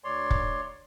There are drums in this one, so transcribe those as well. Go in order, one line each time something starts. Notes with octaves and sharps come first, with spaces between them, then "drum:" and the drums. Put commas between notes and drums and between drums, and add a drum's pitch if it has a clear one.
D2 C#5 D5 C6
drum: kick